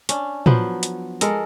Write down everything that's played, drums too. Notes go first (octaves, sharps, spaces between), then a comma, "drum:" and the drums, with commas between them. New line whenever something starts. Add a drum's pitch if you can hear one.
C#4 D4, drum: hi-hat
F3 F#3 B3 C5, drum: tom
drum: hi-hat
G#3 A4 A#4, drum: hi-hat